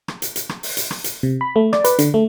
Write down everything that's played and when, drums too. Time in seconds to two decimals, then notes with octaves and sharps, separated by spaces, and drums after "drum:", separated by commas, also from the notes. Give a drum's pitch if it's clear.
0.08 drum: rim click
0.22 drum: hi-hat
0.36 drum: hi-hat
0.49 drum: rim click
0.63 drum: open hi-hat
0.77 drum: hi-hat
0.91 drum: rim click
1.04 drum: hi-hat
1.23 C3
1.41 B5
1.56 A3
1.73 D5, drum: rim click
1.84 B4, drum: hi-hat
1.99 D3, drum: hi-hat
2.14 A3